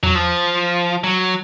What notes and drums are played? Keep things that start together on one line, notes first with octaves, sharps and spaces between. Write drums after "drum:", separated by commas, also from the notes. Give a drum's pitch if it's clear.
F#3, drum: tom E2
F3
F#3